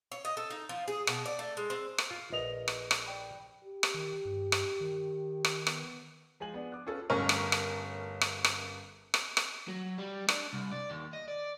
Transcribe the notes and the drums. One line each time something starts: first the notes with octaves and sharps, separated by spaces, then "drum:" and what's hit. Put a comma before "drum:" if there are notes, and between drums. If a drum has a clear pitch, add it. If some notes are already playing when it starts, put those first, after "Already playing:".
C#5
D#5
A4
D#4
F3
G#4
B2, drum: rim click
D5
A3
G#3
C4
drum: rim click
F4
A#1 B4 D#5 F7
drum: rim click
drum: rim click
D5 G5 B5
G4
drum: rim click
D#3
G2
drum: rim click
D#3
drum: rim click
B3, drum: rim click
F3 G#3 G#5 F#7
B3 D4
D6 F#6
C#4 F4 G#4 A4 B4
G1 A3 C#4 A#4 C#6 F6
drum: rim click
drum: rim click
drum: rim click
drum: rim click
drum: rim click
drum: rim click
F#3
G3
D4, drum: rim click
C2
D5
D#2
D#5
D5